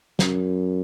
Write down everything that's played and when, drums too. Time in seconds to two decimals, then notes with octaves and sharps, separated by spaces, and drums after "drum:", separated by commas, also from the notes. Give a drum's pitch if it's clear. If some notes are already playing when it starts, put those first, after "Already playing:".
0.19 F#2, drum: snare